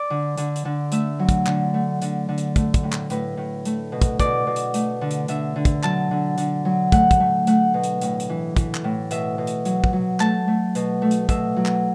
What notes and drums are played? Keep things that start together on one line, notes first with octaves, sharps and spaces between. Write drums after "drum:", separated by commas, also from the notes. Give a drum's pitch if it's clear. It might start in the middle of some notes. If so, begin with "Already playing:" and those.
Already playing: D5
D3
D3, drum: hi-hat
drum: hi-hat
D3
A3 E5, drum: hi-hat
F#3
drum: kick, hi-hat
D3, drum: clap
A3
D3, drum: hi-hat
D3
drum: hi-hat
A3, drum: kick, hi-hat
drum: kick, hi-hat
A2
drum: clap
A2 B4, drum: hi-hat
A2
A3, drum: hi-hat
B2
drum: kick, hi-hat
B2 D5, drum: kick, hi-hat
B2
drum: hi-hat
A3, drum: hi-hat
D3
drum: hi-hat
D3 E5, drum: hi-hat
D3
drum: kick, hi-hat
F#3 A5, drum: clap
D3
D3, drum: hi-hat
F#3
A3 F#5, drum: kick, hi-hat
drum: kick, hi-hat
A3
A3 F#5, drum: hi-hat
B2
drum: hi-hat
A2, drum: hi-hat
drum: hi-hat
E3
E3, drum: kick, hi-hat
drum: clap
A2
B2 E5, drum: hi-hat
B2
drum: hi-hat
F#3, drum: hi-hat
drum: kick
F#3
A3 A5, drum: clap
A3
B2, drum: hi-hat
A3
drum: hi-hat
B2 E5, drum: kick, hi-hat
F#3
drum: clap